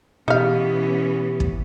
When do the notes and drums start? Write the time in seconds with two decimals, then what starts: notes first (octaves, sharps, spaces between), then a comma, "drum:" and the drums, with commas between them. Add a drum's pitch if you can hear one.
0.28 B2 E3 B3 C#4 D#4 G4 F5
1.40 drum: kick